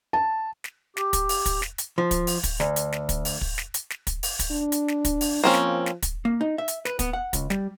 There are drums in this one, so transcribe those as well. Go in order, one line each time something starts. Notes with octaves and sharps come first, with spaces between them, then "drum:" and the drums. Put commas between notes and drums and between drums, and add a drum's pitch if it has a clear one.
A5
drum: snare
G4, drum: snare
drum: kick, hi-hat
drum: open hi-hat
drum: kick, hi-hat
drum: snare
drum: hi-hat
F3
drum: kick, hi-hat
drum: open hi-hat
drum: kick, hi-hat
D2, drum: snare
drum: hi-hat
drum: snare
drum: kick, hi-hat
drum: open hi-hat
drum: kick
drum: snare
drum: hi-hat
drum: snare
drum: kick, hi-hat
drum: open hi-hat
drum: kick, hi-hat
D4
drum: hi-hat
drum: snare
drum: kick, hi-hat
drum: open hi-hat
F3 A#3 C4 C#4
drum: snare
drum: snare
drum: kick, hi-hat
A#3
D#4
E5
drum: hi-hat
B4, drum: snare
B3, drum: kick, hi-hat
F#5
C#2, drum: kick, hi-hat
G3, drum: snare